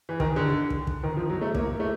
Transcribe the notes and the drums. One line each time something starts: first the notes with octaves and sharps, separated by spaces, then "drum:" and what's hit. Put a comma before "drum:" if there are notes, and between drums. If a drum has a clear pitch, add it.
E3
D#3, drum: kick
D3
drum: kick
drum: kick
D#3
F3
F#3
A3
A#3, drum: kick
A3